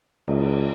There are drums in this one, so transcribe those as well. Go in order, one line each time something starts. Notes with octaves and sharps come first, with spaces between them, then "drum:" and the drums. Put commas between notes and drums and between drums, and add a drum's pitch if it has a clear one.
C#2, drum: cymbal